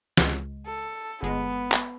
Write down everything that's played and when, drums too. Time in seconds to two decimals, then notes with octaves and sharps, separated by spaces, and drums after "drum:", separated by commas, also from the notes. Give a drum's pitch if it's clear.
0.17 C#2 G#3, drum: snare
0.66 A4
1.23 G1 G#3 B3
1.71 drum: clap